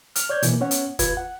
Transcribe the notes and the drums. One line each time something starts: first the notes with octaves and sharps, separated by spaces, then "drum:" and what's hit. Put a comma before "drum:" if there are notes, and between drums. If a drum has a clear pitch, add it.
F6, drum: hi-hat
C#5 D5 G6 G#6
B2 E3 A#3, drum: hi-hat
B3 C#4 C#5 F#5
drum: hi-hat
D#2 F4 B4 G#6, drum: kick F#1, hi-hat
F#5